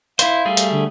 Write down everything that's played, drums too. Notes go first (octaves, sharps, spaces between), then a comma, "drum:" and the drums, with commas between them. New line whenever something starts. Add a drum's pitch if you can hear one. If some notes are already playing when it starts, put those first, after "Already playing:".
E4 C5 F5, drum: hi-hat
G3 A3 G#4
drum: hi-hat
D3